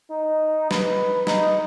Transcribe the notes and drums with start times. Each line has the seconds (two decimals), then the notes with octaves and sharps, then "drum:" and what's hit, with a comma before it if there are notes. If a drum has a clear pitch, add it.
0.10 D#4
0.71 B4, drum: snare
1.27 D#4, drum: snare